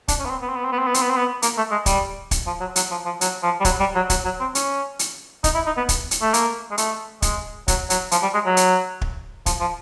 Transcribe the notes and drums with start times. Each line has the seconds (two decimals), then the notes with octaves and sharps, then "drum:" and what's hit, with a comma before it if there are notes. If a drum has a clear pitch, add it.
0.08 D4, drum: kick, hi-hat
0.19 C#4
0.25 B3
0.30 C4
0.42 B3
0.49 C4
0.56 B3
0.64 C4
0.72 B3
0.79 C4
0.87 B3
0.94 C4, drum: hi-hat
1.02 B3
1.10 C4
1.17 B3
1.42 A#3, drum: hi-hat
1.57 A3
1.71 G#3
1.86 G3, drum: kick, hi-hat
2.31 drum: kick, hi-hat
2.47 F3
2.60 F#3
2.76 F#3, drum: hi-hat
2.91 F3
3.05 F3
3.21 F#3, drum: hi-hat
3.43 F3
3.60 G3
3.65 F#3, drum: kick, hi-hat
3.80 G3
3.96 F#3
4.10 F#3, drum: kick, hi-hat
4.25 F#3
4.40 C4
4.55 C#4, drum: hi-hat
4.99 drum: hi-hat
5.44 D#4, drum: kick, hi-hat
5.55 E4
5.66 D#4
5.77 B3
5.89 drum: kick, hi-hat
6.11 drum: hi-hat
6.22 A3
6.34 A#3, drum: hi-hat
6.71 G#3
6.78 A3, drum: hi-hat
7.22 G#3, drum: kick, hi-hat
7.68 F#3, drum: kick, hi-hat
7.90 F#3, drum: hi-hat
8.11 F3, drum: hi-hat
8.23 G3
8.34 G#3
8.46 F#3
8.57 drum: hi-hat
9.01 drum: kick
9.46 F3, drum: kick, hi-hat
9.60 F3